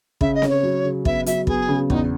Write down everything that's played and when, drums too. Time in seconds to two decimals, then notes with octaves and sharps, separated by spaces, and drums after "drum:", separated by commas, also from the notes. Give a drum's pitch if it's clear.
0.21 C#3 E5, drum: kick
0.35 D#5
0.42 C#4, drum: snare C4
0.49 C#5
0.63 F#3
0.85 C#3
1.05 B3 E5, drum: kick
1.26 F#3 E5, drum: hi-hat
1.47 B3 G#4, drum: kick
1.68 C#3
1.90 E2 D#4, drum: kick